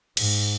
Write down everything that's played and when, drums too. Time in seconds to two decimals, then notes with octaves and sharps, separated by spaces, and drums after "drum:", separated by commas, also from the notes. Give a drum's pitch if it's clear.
0.17 G#2, drum: cymbal